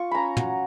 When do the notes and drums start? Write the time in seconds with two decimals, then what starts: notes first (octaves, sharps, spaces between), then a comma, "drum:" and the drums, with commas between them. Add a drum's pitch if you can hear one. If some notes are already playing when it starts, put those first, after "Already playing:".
Already playing: F4 C#6
0.11 C#4 A#5 B5
0.37 F#3, drum: tom